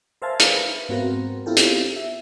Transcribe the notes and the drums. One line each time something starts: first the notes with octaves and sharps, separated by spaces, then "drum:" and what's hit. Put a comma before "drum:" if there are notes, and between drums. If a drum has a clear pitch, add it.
A#4 C5 E5 F5 G#5 A5
A#4 B4 E5 F5, drum: hi-hat
G#2 B3 C4 F#4 A#4
B3 C4 E4 F4 G4 A4
drum: hi-hat
E5